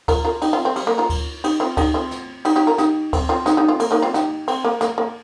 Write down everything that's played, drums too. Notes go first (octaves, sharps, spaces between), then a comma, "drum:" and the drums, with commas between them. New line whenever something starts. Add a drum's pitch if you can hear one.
F4 A#4, drum: kick D2, cymbal
F4 A#4
D#4 G4, drum: cymbal
C4 F4
C4
G3, drum: cymbal
A#3
F4 A#4
drum: kick D2, cymbal
D#4 G4, drum: cymbal
C4 F4
D#4 G4, drum: kick D2, cymbal
C4 F4
drum: snare
D#4 G4, drum: cymbal
D#4 G4
F4 A#4
D#4 G4, drum: snare
C4, drum: kick D2, cymbal
C4 F4
D#4 G4, drum: snare
D#4 G4
C4 F4
A#3, drum: cymbal
A#3 D#4
C4 F4
D#4 G4, drum: snare
C4, drum: cymbal
A#3
A#3, drum: snare
A#3